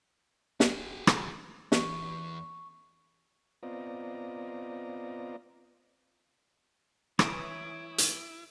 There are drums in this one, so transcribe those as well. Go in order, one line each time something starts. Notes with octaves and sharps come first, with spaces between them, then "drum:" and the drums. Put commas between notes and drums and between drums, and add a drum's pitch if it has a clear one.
F#4 G#4, drum: snare
drum: rim click
E2 C#6, drum: snare
B3 C4 F4 D5 D#5 A#5
E3 E4 C#5 E5 D#6 D7, drum: rim click
drum: hi-hat